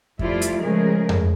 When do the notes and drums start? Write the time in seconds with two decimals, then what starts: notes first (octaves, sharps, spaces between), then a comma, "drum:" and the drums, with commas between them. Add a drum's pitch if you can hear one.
0.19 F3 G3 A3 E4 F4 D5, drum: kick F2
0.42 drum: hi-hat
0.61 C#3 F3 G#3 A3 G#4 A#4
1.09 drum: tom F2